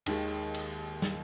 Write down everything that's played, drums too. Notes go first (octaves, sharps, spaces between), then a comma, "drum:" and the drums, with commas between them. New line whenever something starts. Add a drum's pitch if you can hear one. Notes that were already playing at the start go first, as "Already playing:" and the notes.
D#2 D#3 G#3, drum: cymbal
drum: cymbal
drum: snare